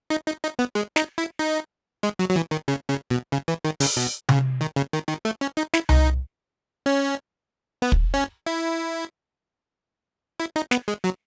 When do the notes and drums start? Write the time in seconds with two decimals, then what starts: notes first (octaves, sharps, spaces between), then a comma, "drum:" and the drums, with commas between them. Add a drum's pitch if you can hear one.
0.10 D#4
0.26 D#4
0.43 D#4
0.59 B3
0.75 G#3
0.96 D#4, drum: snare
1.18 E4
1.39 D#4
2.03 G#3
2.19 F#3
2.30 F#3
2.36 E3
2.51 D#3
2.68 C#3
2.89 C#3
3.10 B2
3.32 C#3
3.48 E3
3.65 D#3
3.80 C#3, drum: open hi-hat
3.97 B2
4.29 C#3, drum: tom C3
4.61 D#3
4.76 C#3
4.93 D#3
5.09 D#3
5.25 A3
5.41 C#4
5.57 D#4
5.74 E4, drum: snare
5.89 D#4, drum: tom C2
6.86 C#4
7.82 B3
7.92 drum: kick
8.14 C#4
8.46 E4
10.40 E4
10.56 D#4
10.71 B3, drum: snare
10.88 G#3
11.04 F#3